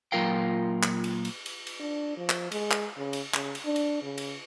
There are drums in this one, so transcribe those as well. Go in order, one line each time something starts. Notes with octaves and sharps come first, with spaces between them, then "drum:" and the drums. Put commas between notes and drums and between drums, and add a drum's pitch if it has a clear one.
A#2 F#3 F4 A#4 F5 G5
drum: clap
drum: cymbal
drum: cymbal
drum: cymbal
drum: cymbal
D4
F3
drum: clap
G#3, drum: cymbal
drum: clap
C#3
drum: cymbal
C#3, drum: clap
drum: cymbal
D4
drum: cymbal
C#3
drum: cymbal